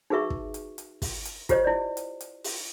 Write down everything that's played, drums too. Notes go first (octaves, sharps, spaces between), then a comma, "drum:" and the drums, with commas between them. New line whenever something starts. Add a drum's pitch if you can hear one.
D#4 F#4 G#4 B4 E5 C#6
drum: kick
drum: hi-hat
drum: hi-hat
drum: kick, open hi-hat
drum: hi-hat
F4 G4 C5 C#5 D#5, drum: kick, hi-hat
E4 D5
drum: hi-hat
drum: hi-hat
drum: open hi-hat